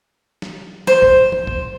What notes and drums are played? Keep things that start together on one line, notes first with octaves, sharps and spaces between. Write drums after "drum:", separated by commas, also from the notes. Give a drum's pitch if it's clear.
drum: snare
C5, drum: snare
drum: kick
drum: tom
drum: kick